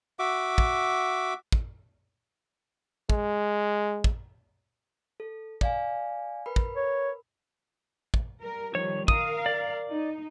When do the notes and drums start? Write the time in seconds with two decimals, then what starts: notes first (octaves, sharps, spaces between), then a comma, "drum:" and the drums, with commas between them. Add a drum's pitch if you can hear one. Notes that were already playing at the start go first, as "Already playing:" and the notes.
0.19 F#4 E5 D6
0.58 drum: kick
1.52 drum: kick
3.10 G#3, drum: kick
4.04 drum: kick
5.20 A4
5.61 D5 F5 G#5, drum: kick
6.46 A#4 B4 B5
6.56 drum: kick
6.76 C#5
8.14 drum: kick
8.40 G3 A#4
8.75 D#3 F3 G3 C#5
9.08 A#4 F5 D#6, drum: kick
9.46 D5
9.90 D#4